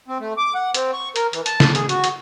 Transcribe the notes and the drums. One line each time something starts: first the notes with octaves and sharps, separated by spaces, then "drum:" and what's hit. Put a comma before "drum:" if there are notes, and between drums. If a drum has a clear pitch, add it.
C4
A3
D6
F#5
C4, drum: hi-hat
C#6
A#4, drum: hi-hat
E3, drum: hi-hat
A5, drum: hi-hat
drum: snare
G#4, drum: hi-hat
F#4, drum: hi-hat
drum: hi-hat